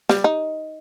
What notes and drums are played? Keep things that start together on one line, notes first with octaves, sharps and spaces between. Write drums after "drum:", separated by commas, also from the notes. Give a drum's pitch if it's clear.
G3, drum: snare
D#4